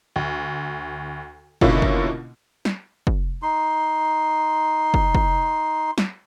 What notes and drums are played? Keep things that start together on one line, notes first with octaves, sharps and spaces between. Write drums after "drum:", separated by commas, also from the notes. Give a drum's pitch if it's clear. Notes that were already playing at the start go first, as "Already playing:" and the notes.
D2
B2 D3 A#3 C#4 E4 F4, drum: kick
drum: kick
drum: snare
drum: kick
D#4 C6
drum: kick
drum: kick
drum: snare